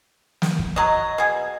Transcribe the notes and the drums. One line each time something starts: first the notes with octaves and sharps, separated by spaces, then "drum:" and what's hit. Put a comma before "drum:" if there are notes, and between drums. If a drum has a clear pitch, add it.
drum: snare
drum: kick
F#3 D#5
B2 G#4